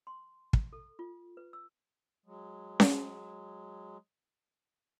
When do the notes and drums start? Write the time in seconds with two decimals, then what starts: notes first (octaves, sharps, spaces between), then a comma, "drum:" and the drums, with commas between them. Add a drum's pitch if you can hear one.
0.07 C6
0.53 drum: kick
0.73 A4
0.99 F4
1.37 B4
1.53 E6
2.26 F#3 G#3
2.80 drum: snare C#4